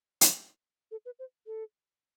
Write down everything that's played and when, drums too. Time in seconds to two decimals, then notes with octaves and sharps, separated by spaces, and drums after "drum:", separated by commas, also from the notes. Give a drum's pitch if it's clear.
0.21 drum: hi-hat
0.91 A4
1.05 B4
1.19 C5
1.47 A4